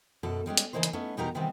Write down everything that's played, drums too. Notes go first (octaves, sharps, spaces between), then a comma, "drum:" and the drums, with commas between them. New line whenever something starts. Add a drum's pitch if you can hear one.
F#2 B2 A4
G3 G#3 C#4 G4
drum: hi-hat
C#3 E3 A#3 D#4 C5
drum: hi-hat
A3 B3 C#4 D#4
E2 B2 D#4 G4 A#4 A#5
C3 D#3 E3 G3 B3 C4